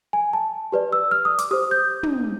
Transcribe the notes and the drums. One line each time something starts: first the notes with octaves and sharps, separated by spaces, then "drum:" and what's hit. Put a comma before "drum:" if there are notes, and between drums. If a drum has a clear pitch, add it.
G#5
A5
G4 B4 D5
E6
F6
D#6
D6, drum: hi-hat
G4 C5 D#6
G6
drum: tom